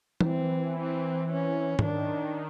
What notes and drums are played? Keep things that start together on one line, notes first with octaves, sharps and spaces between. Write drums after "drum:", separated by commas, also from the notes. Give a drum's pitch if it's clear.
D#3, drum: tom
E3 C4
C4
C#4
E3, drum: tom
D#3 D4